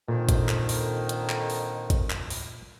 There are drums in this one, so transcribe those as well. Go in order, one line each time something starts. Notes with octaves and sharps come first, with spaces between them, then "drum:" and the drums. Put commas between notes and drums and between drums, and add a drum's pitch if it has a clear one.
F2 A#2 D3 D#3
drum: kick A1, hi-hat
drum: clap
drum: open hi-hat
drum: hi-hat
drum: clap
drum: open hi-hat
drum: kick A1, hi-hat
drum: clap
drum: open hi-hat